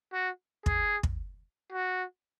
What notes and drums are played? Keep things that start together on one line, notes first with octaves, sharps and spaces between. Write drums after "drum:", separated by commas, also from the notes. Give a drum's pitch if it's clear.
F#4
G#4, drum: kick
drum: kick
F#4